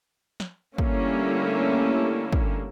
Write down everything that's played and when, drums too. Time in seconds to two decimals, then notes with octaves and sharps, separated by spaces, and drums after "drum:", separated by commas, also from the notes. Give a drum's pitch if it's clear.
0.40 drum: snare
0.78 D3 G3 A3 A#3 C#4 E4, drum: kick
2.32 drum: kick